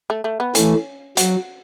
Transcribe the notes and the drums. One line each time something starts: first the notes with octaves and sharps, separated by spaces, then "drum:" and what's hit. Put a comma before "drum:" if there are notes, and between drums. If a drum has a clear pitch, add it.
A3
A3
B3
E3 A3 C#4, drum: hi-hat
F#3 F#4, drum: hi-hat